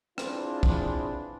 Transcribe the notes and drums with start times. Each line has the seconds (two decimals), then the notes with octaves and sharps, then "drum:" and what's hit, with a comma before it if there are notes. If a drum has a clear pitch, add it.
0.18 C4 D4 E4 F4 G#4 B4, drum: rim click
0.63 drum: kick